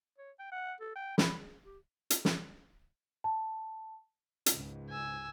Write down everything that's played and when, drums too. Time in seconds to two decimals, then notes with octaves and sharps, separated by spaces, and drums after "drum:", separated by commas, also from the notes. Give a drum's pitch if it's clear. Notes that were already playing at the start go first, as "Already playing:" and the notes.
0.18 C#5
0.39 G5
0.52 F#5
0.81 A4
0.96 G5
1.18 B5, drum: snare
1.39 G#4
1.64 G4
2.10 drum: hi-hat
2.25 drum: snare
3.24 A5
4.46 C#2 G#2, drum: hi-hat
4.89 G#5 E6